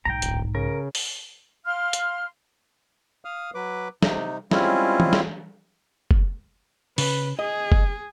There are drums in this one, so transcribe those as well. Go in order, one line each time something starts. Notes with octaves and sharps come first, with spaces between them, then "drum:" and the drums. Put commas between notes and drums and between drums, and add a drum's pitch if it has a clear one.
B1 G#2 G5 A#5
D1, drum: hi-hat
C#3 A#4
drum: open hi-hat
F5 C6 F6
drum: hi-hat
F5 D#6 F6
F#3 B4 D6
C3 D#4, drum: snare
G3 G#3 C4 C#4 E4 F4, drum: snare
drum: tom E3
drum: snare
drum: kick
C#3 B4, drum: open hi-hat
G#4 D#5
drum: kick